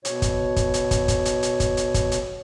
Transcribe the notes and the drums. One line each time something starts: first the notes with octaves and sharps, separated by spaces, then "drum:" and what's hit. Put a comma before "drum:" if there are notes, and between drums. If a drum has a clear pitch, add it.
B2 C#5, drum: hi-hat
drum: kick, hi-hat
drum: kick, hi-hat
drum: hi-hat
drum: kick, hi-hat
drum: kick, hi-hat
drum: hi-hat
drum: hi-hat
drum: kick, hi-hat
drum: hi-hat
drum: kick, hi-hat
drum: hi-hat